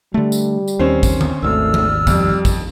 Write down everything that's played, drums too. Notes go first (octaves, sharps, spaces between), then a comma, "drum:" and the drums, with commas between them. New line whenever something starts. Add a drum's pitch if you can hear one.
D3 G3 A3
drum: tambourine
drum: tambourine
D#2 C4 C#4 C5
drum: kick, tambourine
drum: tom
G#1 D#2 A3 D5 E6 F6
drum: tom D#3
F2 G3, drum: kick, tambourine
drum: kick, tambourine